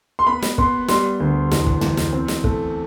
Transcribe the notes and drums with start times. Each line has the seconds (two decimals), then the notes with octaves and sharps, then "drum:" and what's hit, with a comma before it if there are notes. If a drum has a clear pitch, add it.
0.19 C6
0.27 B3 B5
0.42 drum: snare
0.58 B3 C6, drum: kick
0.88 G3 C6, drum: snare
1.20 D2
1.51 E2, drum: snare
1.66 drum: kick
1.81 E2, drum: tom
1.97 drum: snare
2.13 C4
2.28 drum: snare
2.44 A3, drum: kick